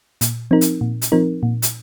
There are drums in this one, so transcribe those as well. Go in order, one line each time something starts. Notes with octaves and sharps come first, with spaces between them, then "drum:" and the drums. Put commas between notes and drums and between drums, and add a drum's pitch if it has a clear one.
A#2, drum: hi-hat
F3 C4 D#4 A#4
drum: hi-hat
A#2
drum: hi-hat
F3 C4 D#4 A#4
A#2
drum: hi-hat